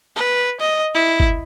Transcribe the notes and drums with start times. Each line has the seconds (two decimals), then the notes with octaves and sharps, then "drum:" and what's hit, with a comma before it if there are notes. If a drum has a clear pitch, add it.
0.16 B4
0.60 D#5
0.94 E4
1.20 drum: kick G1